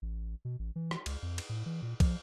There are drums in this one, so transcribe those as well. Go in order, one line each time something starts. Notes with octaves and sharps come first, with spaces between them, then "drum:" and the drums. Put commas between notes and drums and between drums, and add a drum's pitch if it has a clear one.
A1
B2
A1
E3
drum: rim click
C#2, drum: cymbal
F2
drum: cymbal
A2
E3
A#2
F3, drum: kick, cymbal